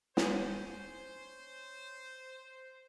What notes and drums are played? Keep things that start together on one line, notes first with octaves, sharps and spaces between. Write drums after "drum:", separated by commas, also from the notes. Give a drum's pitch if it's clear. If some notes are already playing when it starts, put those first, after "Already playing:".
C#4 C5 G#5, drum: snare